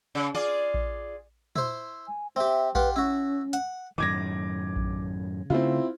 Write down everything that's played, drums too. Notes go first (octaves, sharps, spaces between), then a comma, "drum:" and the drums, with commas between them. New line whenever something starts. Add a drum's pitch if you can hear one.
C#3
F4 G#4 D5
drum: kick A#1
E4 C5, drum: tom A#2
G#5
C4 G4 E5
F4 G4 B4 F#5, drum: kick A#1
C#4 E4 F#4
F#5, drum: hi-hat
F#2 A2 D#3 D6 G#6 A#6
drum: kick A#1
C#3 A3 C4 E4 F4